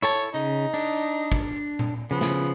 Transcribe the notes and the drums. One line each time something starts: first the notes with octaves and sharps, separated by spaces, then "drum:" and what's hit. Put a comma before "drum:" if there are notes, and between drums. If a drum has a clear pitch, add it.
E4 A4 C#5 A5
C#3 D#4
D4, drum: cymbal
drum: kick
drum: tom A#2
C#3 F3 B3
drum: snare